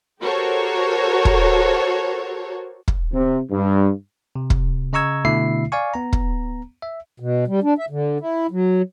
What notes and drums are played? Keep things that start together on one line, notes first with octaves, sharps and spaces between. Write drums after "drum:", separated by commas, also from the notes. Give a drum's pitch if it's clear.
F#4 G4 A4 A#4 C5 C#5
drum: kick
drum: kick
C3
G2
C3
drum: kick
C#3 D#5 A#5 C#6 E6 G#6
B2 D3 A3 E4 E5 C7
D5 F5 G#5 C#6
B3 A#5
drum: kick
E5
B2
G3
D4
E5
D3
E4
F#3